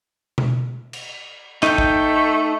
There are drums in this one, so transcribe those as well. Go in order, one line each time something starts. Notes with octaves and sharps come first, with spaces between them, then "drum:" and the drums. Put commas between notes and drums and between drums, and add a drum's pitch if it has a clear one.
drum: tom B2
drum: cymbal
A3 D#4 G5, drum: clap
drum: kick A1